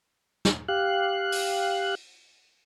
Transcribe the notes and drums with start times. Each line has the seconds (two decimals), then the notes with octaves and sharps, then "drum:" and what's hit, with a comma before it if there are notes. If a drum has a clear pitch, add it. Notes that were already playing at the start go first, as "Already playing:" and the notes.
0.45 drum: snare
0.68 G4 F5 F#6
1.32 drum: open hi-hat